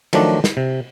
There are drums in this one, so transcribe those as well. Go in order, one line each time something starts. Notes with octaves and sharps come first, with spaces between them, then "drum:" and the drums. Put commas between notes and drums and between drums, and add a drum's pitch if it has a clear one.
D#3 F3 F#3 A3 D4, drum: cymbal
drum: snare
C3